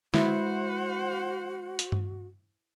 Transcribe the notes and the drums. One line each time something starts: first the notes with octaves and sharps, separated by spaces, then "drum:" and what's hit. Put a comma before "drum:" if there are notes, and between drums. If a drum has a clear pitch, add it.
G#3 E4 F#4 C5 F#5, drum: snare
drum: hi-hat
drum: tom G2